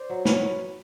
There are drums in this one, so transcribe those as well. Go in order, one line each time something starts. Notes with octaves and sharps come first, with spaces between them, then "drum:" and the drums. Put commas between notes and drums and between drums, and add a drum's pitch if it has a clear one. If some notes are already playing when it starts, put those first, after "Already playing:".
Already playing: C5 D5
F#3
F#3 B4 C#5, drum: snare